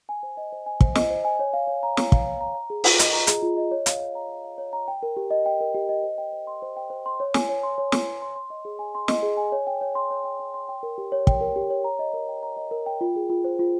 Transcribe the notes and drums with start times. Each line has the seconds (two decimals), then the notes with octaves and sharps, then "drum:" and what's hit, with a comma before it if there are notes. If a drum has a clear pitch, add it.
0.09 G#5
0.23 C5
0.37 D#5
0.52 C5
0.66 G#5
0.81 C5, drum: kick
0.95 D#5, drum: snare
1.10 C5
1.25 G#5
1.40 C#5
1.53 F5
1.67 C#5
1.83 A#5
1.97 C#5, drum: snare
2.12 F5, drum: kick
2.26 C#5
2.41 A#5
2.55 A#5
2.70 G#4
2.84 F4, drum: open hi-hat
2.99 D#5, drum: hi-hat
3.13 A#5
3.27 G#4, drum: hi-hat
3.42 F4
3.57 D#5
3.72 C#5
3.86 F5, drum: hi-hat
4.00 C#5
4.15 A#5
4.29 C#5
4.45 F5
4.58 C#5
4.73 A#5
4.88 G5
5.03 A#4
5.17 G4
5.31 D#5
5.46 G5
5.61 A#4
5.74 G4
5.89 D#5
6.03 C5
6.18 G5
6.33 C5
6.47 C6
6.62 C5
6.77 G5
6.90 C5
7.06 C6
7.20 C#5
7.34 G#5, drum: snare
7.49 C#5
7.63 C6
7.78 C#5
7.92 G#5, drum: snare
8.07 C#5
8.22 C6
8.36 C6
8.50 D#5
8.65 G#4
8.79 G#5
8.95 C6
9.08 D#5, drum: snare
9.23 G#4
9.37 G#5
9.52 C#5
9.67 G5
9.81 C#5
9.95 C6
10.11 C#5
10.24 G5
10.40 C#5
10.54 C6
10.69 G5
10.83 A#4
10.98 G4
11.12 C#5
11.27 G5, drum: kick
11.41 A#4
11.56 G4
11.70 C#5
11.84 A#5
11.99 D#5
12.13 A#4
12.29 G5
12.43 A#5
12.57 D#5
12.71 A#4
12.86 G5
13.01 F4
13.16 G#4
13.30 F4
13.44 C5
13.59 F4